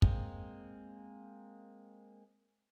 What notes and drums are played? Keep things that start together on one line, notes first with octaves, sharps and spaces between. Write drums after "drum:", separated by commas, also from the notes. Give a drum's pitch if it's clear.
G#3 A#3 C4, drum: kick